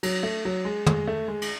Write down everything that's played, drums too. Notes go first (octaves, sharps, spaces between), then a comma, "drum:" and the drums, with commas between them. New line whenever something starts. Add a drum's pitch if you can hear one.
F#3, drum: cymbal
A3
F#3
G#3
G#3, drum: tom
A3
G#3
drum: cymbal